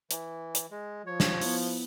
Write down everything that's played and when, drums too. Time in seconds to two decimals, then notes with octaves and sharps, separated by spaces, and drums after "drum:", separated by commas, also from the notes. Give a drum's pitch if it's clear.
0.11 E3, drum: hi-hat
0.55 drum: hi-hat
0.71 G#3
1.06 F3 C#5
1.20 drum: snare
1.41 B3 E4, drum: open hi-hat